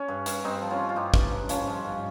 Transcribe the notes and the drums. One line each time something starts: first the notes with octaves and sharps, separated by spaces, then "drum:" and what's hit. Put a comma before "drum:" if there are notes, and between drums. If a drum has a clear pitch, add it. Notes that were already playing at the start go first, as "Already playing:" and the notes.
Already playing: C#4
G2
G2, drum: hi-hat
G2 C4 D#4
F3
C#4 F4
F3
F4
G2 D#4 G4
G2, drum: kick
G2
F3 C#4 F4, drum: hi-hat
F3
G2